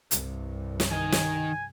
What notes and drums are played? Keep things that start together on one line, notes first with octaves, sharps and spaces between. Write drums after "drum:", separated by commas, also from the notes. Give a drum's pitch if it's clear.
C2 G2, drum: hi-hat
drum: snare
D#3 D#5 G#5
drum: snare